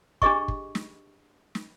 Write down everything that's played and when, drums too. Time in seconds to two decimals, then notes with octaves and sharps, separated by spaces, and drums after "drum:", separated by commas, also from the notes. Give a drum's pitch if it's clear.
0.22 D4 G4 G#4 D#5 C#6, drum: kick
0.48 drum: kick
0.75 drum: snare
1.55 drum: snare